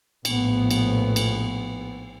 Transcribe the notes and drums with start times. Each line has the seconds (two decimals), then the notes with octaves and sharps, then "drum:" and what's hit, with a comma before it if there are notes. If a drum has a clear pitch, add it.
0.25 A#1 A2 F3 B3, drum: cymbal
0.71 drum: cymbal
1.16 drum: cymbal